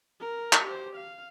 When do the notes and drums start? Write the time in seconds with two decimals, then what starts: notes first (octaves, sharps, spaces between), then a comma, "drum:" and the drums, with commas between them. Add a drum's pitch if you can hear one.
0.20 A#4
0.53 drum: clap
0.65 G4 C5
0.96 F5